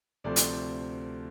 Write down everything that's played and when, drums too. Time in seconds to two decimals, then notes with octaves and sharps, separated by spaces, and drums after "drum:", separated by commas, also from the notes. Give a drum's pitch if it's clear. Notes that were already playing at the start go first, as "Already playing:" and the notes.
0.24 D2 C3 F3 A3 C4 D5
0.36 drum: hi-hat